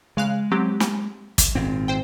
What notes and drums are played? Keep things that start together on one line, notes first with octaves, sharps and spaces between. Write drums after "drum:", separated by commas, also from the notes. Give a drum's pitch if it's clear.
C#3 G#3 F5 F#6
F#3 C4 G4
drum: snare
drum: kick, hi-hat
G#1 A#2 C4
C5 G5